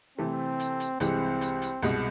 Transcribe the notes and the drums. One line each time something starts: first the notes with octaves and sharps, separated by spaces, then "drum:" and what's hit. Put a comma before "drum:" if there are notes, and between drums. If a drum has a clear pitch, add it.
C3 E3 A3 C4
drum: hi-hat
drum: hi-hat
C2 C3 E3 G#3 C4, drum: hi-hat
drum: hi-hat
drum: hi-hat
C2 B2 G#3, drum: hi-hat